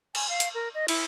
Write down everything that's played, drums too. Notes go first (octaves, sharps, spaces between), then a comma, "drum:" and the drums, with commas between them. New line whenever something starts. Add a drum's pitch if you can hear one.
G#5, drum: cymbal
F5
drum: hi-hat
A#4
D#5
E4, drum: cymbal